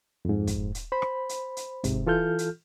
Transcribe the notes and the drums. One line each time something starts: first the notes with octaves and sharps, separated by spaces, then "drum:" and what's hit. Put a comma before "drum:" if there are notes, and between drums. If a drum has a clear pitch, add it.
F2 G#2
drum: kick, hi-hat
drum: hi-hat
C5 B5
drum: rim click
drum: hi-hat
drum: hi-hat
G#2 C3, drum: kick, hi-hat
E3 F4 A4 F6 G6
drum: hi-hat